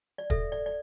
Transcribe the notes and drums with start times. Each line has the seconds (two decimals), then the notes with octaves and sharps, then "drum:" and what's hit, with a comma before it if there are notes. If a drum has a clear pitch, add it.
0.18 D5
0.30 A4 E5, drum: kick
0.52 D5
0.66 D5